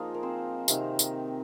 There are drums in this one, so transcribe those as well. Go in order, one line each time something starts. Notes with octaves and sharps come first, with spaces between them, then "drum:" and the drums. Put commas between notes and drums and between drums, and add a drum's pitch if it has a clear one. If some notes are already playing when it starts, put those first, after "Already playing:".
Already playing: F3 A#3 D#4 F4 G#4 D#5
A#4
C4 C5
C3 D#3 C4 D#4, drum: tambourine
drum: tambourine